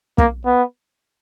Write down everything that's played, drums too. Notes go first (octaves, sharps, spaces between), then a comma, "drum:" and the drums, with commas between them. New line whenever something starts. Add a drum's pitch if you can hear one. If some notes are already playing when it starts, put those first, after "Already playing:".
A#3, drum: kick
B3